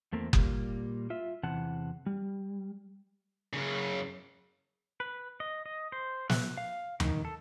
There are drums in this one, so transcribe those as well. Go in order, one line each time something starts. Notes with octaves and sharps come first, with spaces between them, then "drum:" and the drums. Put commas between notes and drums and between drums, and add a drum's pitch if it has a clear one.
E2 A3 A#3 C4
A#2 G3 A#3, drum: kick F#1
F4 E5
E2 C3 E3 F#5 A5
G3
F#2 C#3
B4
D#5
D#5
C5
F#6, drum: snare
F5
D#3, drum: tom D#2
A4